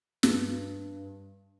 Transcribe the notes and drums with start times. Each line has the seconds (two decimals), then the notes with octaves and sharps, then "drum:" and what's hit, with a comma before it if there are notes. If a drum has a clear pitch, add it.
0.23 G2, drum: snare